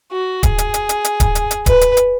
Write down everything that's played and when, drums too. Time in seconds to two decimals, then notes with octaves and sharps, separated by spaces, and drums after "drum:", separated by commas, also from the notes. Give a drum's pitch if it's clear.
0.12 F#4
0.43 G#4, drum: kick D1, hi-hat
0.58 drum: hi-hat
0.74 drum: hi-hat
0.89 drum: hi-hat
1.05 drum: hi-hat
1.20 drum: kick D1, hi-hat
1.35 drum: hi-hat
1.51 drum: hi-hat
1.66 B4, drum: kick D1, hi-hat
1.81 drum: hi-hat
1.97 drum: hi-hat